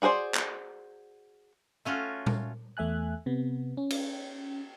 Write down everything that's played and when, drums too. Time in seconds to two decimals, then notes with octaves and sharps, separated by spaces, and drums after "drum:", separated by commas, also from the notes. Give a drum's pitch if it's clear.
0.02 F#4 G#4 A#4 C5 D5
0.34 drum: clap
1.85 A3 C#4 F4 F#4
2.26 drum: tom A#2
2.77 E2 A3 E5 G#5 F#6
3.26 C3 B3
3.77 C#4
3.90 drum: cymbal